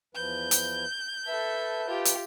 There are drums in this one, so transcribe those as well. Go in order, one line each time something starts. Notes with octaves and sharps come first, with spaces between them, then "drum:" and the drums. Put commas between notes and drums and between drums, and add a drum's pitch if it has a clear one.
E2 F3 B4 G6
drum: hi-hat
A4 B4 E5 A5
F4 G4
drum: hi-hat